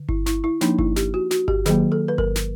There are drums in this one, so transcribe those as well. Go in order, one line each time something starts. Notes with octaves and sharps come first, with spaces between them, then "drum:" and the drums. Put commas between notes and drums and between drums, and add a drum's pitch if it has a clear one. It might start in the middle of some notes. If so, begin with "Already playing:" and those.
Already playing: D3
E4, drum: kick G1
E4, drum: snare
E4
F3 A#3 D4 D#4, drum: snare
E4, drum: kick G1
G4, drum: snare
F#4
F#4, drum: snare
G4, drum: kick G1
D#3 F#3 A#3 G#4, drum: snare
A4
B4
A#4, drum: kick G1
drum: snare